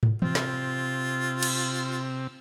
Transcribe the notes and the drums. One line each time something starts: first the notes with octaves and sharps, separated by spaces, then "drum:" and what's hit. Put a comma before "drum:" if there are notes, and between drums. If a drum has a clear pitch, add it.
drum: tom
C3 C4 F4, drum: tom E3
drum: snare
drum: cymbal